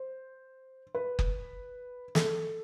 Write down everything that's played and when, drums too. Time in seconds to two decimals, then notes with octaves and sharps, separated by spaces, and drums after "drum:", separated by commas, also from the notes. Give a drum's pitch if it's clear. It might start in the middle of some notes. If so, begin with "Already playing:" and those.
Already playing: C5
0.95 B4
1.19 drum: kick F#1
2.15 A4, drum: snare